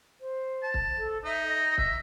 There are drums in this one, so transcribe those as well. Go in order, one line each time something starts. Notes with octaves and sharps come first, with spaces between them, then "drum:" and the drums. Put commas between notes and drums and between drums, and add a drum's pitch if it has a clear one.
C5
A5
drum: kick
A4
D#4 E5
D#5
E5, drum: kick